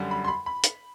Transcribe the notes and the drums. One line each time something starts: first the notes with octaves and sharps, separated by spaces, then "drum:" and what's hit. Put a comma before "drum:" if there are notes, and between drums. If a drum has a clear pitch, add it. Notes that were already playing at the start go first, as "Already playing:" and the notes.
Already playing: F#2 D3 G3
B5
C6
B5
B5
drum: hi-hat